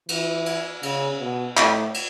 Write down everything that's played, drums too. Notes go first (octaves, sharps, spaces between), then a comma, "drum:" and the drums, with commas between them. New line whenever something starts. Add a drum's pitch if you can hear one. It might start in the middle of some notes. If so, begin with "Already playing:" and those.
E3, drum: cymbal
drum: cymbal
C#3, drum: cymbal
B2
A2, drum: clap
drum: cymbal